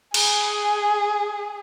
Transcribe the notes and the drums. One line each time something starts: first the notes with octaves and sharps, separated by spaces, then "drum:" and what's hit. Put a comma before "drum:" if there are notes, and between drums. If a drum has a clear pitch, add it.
G#4, drum: cymbal